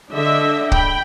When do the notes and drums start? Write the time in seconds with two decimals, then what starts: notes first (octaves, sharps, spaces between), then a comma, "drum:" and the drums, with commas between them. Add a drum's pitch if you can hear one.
0.12 D3 D4 D#5 E5
0.72 G5 B5, drum: kick C#1